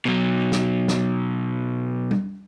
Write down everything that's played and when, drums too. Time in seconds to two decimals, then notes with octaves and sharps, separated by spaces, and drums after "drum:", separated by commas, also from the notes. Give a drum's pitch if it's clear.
0.05 B2 F#3
0.52 drum: snare
0.88 drum: snare
2.11 drum: tom G3